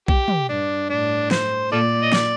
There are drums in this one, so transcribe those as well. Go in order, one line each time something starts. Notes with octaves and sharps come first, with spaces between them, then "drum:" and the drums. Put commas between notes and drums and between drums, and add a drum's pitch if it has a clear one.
G4, drum: kick B1
drum: tom
G2 D4
A2 D4
C5, drum: snare
A#2 F4 A4 D5
D#5
D5, drum: snare